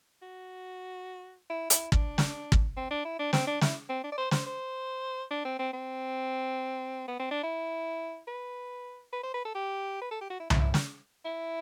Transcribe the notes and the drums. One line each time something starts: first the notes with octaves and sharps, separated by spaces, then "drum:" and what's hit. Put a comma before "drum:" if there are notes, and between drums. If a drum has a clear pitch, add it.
F#4
E4
E4, drum: hi-hat
D4, drum: kick
drum: snare
drum: kick
C4
D4
E4
D4
C4, drum: snare
D4
E4, drum: snare
C4
D4
D5
C5
C5, drum: snare
C5
D4
C4
C4
C4
B3
C4
D4
E4
B4
B4
C5
B4
A4
G4
B4
A4
G4
F#4
E4
E4, drum: tom C2
E4
drum: snare
E4